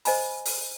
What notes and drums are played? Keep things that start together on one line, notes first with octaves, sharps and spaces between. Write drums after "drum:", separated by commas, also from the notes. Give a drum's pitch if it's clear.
C5 D#5 G#5 B5, drum: open hi-hat
drum: open hi-hat